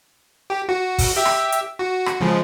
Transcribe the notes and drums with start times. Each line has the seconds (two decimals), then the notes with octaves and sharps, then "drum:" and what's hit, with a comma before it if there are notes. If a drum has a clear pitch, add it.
0.50 G4
0.69 F#4
0.98 drum: kick, open hi-hat
1.16 G4 E5
1.25 drum: rim click
1.52 drum: hi-hat
1.79 F#4
2.06 drum: rim click
2.20 C#3 F3 G#3